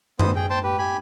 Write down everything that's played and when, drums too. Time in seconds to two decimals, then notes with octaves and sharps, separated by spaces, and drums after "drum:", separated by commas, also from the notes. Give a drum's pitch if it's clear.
0.19 B3 C5 D#6, drum: tom F#2
0.35 G#4 G5
0.50 C5 G5 A5 C6
0.63 G4 B4
0.78 G4 G#5 B5